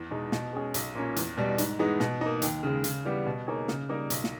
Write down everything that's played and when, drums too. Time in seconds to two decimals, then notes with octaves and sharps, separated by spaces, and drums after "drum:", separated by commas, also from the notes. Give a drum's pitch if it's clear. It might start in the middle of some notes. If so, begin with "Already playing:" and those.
Already playing: E2
0.11 B2 G#3 D#4
0.32 B2, drum: snare
0.53 G#3 C#4 G#4
0.74 B1, drum: hi-hat
0.95 A#2 A#3 C#4
1.16 E2, drum: hi-hat
1.37 B2 G3
1.58 G#2, drum: hi-hat
1.79 E3 G#3 B3 D#4
2.00 B2, drum: snare
2.21 A#3 D#4
2.42 D#2, drum: hi-hat
2.63 C#3 G#3
2.84 C#3, drum: hi-hat
3.05 E3 G3 B3 G4
3.26 B2
3.47 A#3 D#4 G#4 C#5
3.68 C#3, drum: snare
3.89 G3 A#3 D#4 A#4
4.10 B1, drum: hi-hat
4.24 drum: snare